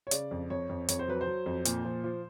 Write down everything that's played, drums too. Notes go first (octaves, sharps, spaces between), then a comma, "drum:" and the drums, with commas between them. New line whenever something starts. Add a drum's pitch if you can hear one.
C#5
C#3 D5, drum: hi-hat
F2
F2 C#5
F2
F2 C#5, drum: hi-hat
C5
F#3 B4
C5
F#3
F2
A#2, drum: hi-hat
F3
F3